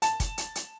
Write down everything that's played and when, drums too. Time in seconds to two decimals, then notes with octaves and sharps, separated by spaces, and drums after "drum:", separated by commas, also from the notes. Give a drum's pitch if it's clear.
0.02 A5, drum: hi-hat
0.20 drum: kick, hi-hat
0.38 drum: hi-hat
0.55 drum: hi-hat